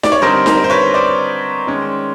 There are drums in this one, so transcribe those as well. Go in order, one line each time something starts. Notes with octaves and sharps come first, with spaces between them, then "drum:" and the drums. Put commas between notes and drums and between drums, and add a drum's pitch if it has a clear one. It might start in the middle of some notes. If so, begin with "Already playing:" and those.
D5, drum: snare D#4
C#5
D3 G3 C4 D#4 A#4 C5
A#4 C5, drum: snare D#4
C5
B4 C#5
C5 D5
D#3 G#3 C#4